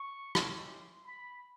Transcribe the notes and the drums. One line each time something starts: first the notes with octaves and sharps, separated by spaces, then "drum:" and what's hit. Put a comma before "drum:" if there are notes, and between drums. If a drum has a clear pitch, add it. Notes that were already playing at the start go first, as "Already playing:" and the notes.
Already playing: C#6
G#3 C#4 E4 G4 C6, drum: rim click
C6
B5